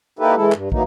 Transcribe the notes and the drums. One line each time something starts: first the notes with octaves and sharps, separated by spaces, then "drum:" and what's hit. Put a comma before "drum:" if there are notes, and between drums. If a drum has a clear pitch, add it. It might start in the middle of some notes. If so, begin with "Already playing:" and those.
A#3 D#4 E4 G4 A4 B4
E3 G#3 E4 A4
G2, drum: clap
E3 F#3 A#3 D#4, drum: kick